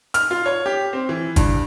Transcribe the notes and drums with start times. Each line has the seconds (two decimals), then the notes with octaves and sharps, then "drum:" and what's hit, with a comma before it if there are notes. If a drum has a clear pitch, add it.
0.14 F6, drum: hi-hat
0.31 F4
0.46 C#5
0.66 G4
0.93 C4
1.09 E3
1.36 G2, drum: kick G1, hi-hat